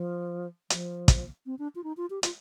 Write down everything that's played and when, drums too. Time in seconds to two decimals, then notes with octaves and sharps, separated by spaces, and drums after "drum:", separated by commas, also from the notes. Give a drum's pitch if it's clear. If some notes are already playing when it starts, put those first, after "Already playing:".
Already playing: F3
0.70 F3, drum: hi-hat
1.08 drum: kick, hi-hat
1.46 C4
1.59 D4
1.75 F4
1.84 D#4
1.97 F4
2.10 G4
2.23 F4, drum: hi-hat